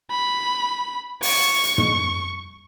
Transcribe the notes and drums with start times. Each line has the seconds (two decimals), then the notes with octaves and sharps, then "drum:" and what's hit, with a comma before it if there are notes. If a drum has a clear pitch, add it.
0.11 B5
1.23 C#6, drum: open hi-hat
1.64 drum: hi-hat
1.78 drum: tom